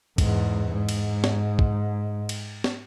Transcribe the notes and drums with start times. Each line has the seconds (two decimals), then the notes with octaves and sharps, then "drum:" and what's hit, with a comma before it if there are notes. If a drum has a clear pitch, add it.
0.18 E2 G#2, drum: kick, cymbal
0.73 G#2
0.89 drum: cymbal
1.24 drum: snare
1.59 drum: kick
2.29 drum: cymbal
2.64 drum: snare